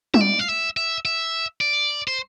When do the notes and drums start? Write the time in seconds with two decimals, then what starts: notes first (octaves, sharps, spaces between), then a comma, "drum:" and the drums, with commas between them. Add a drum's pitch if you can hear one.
0.14 E5, drum: tom G3
0.21 D5
0.39 F5
0.48 E5
0.77 E5
1.05 E5
1.61 D5
2.08 C5